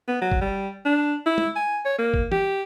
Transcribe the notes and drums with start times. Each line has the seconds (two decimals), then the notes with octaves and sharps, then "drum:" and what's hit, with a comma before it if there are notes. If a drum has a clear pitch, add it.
0.08 B3
0.21 F#3
0.32 drum: kick
0.41 G3
0.85 D4
1.26 E4
1.38 drum: tom
1.55 G#5
1.85 C#5
1.99 A#3
2.14 drum: kick
2.32 G4, drum: tom